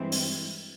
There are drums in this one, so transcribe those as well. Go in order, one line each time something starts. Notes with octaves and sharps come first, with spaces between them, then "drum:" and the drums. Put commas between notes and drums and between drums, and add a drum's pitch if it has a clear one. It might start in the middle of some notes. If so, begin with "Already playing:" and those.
Already playing: G2 E3 G#3 C4
drum: open hi-hat